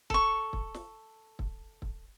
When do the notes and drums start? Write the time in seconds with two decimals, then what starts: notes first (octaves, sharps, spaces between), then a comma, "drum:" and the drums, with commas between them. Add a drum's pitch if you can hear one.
0.10 A4 C#6, drum: kick
0.53 drum: kick
0.74 drum: snare
1.39 drum: kick
1.82 drum: kick